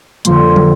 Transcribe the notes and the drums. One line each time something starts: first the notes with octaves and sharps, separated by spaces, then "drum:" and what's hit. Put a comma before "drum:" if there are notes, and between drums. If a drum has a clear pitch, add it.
F2 D3 F3 A#3 C6, drum: hi-hat
drum: tom